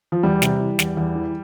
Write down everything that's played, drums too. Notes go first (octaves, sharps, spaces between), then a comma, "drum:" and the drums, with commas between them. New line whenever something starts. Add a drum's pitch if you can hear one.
F3
E2 G3
C3, drum: snare
E3
E2, drum: snare
E2
E3